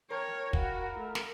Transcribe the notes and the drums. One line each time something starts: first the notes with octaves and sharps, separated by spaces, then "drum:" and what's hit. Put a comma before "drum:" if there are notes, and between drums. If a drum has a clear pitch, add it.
A#4 C#5 G5 A5 C#6
F#4 F5 F#5 B5, drum: kick
A3
drum: snare